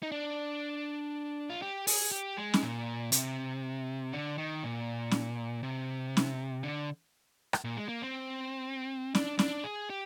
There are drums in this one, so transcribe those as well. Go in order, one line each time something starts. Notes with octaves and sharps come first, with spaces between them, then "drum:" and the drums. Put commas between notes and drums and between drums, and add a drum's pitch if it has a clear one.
D#4
D4
F4
G4
G#4, drum: open hi-hat
G4
G#3
drum: snare C#4
A#2
C3, drum: hi-hat
D3
D#3
A#2
drum: snare C#4
C3
drum: snare C#4
D3
drum: rim click
A#2
G#3
A#3
C4
D4, drum: snare C#4
D4, drum: snare C#4
G#4
G4